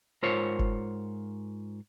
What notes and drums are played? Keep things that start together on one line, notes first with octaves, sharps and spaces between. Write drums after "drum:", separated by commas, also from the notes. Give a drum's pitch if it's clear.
G#2 F4 A#4 C5 C#5
drum: kick F#1